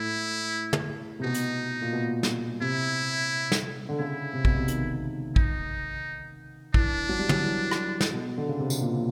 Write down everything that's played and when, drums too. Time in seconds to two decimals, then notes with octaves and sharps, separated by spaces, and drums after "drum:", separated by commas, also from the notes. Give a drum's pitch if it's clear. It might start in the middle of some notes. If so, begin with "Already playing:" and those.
Already playing: A2 E4
0.73 drum: tom
1.19 C3
1.23 B2 D#4
1.34 drum: hi-hat
1.81 A#2
1.92 B2
2.23 drum: snare
2.61 C3 E4
3.52 drum: snare
3.89 D3
3.99 C#3 E4
4.33 C3
4.45 B2, drum: kick
4.56 C3
4.68 D#3, drum: hi-hat
5.36 D#4, drum: kick
6.74 E3 D4, drum: kick
7.09 F#3
7.19 G3
7.29 F#3, drum: tom
7.43 E3
7.71 drum: rim click
8.01 drum: snare
8.12 B2
8.38 D3
8.48 C#3
8.59 C3
8.70 B2, drum: tambourine
8.81 A#2